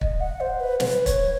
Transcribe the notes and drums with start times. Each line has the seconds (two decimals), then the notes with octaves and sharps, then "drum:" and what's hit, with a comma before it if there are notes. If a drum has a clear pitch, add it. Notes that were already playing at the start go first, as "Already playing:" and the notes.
0.01 D#5, drum: kick
0.21 F#5
0.40 C5
0.60 B4
0.80 C5, drum: snare
0.84 B4
1.06 C#5, drum: kick, hi-hat